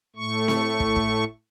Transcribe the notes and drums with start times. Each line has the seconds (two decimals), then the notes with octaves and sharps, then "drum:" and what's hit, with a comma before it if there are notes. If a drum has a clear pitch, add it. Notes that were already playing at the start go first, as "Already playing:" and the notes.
0.16 A2 A3 C#6
0.48 drum: snare C4
0.80 drum: kick
0.96 drum: kick